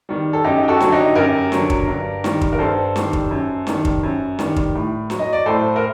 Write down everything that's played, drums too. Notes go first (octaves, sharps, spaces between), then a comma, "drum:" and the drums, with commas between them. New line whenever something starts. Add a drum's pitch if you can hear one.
D#3 G3
A4
F#2 D#4 G4
G4
F#4 A4
D3 F#3, drum: snare
D#4 G4
F#2 G4 A#4
D3 F#3, drum: snare
drum: kick
G2
D#3 G3, drum: snare
drum: kick
A#4
G2 A4 C5
D#3 G3, drum: snare
drum: kick
F#2
D#3 G3, drum: snare
drum: kick
F#2
D#3 G3, drum: snare
drum: kick
A2
F#3, drum: snare
D#5
D5
A2 A4 C5
A#4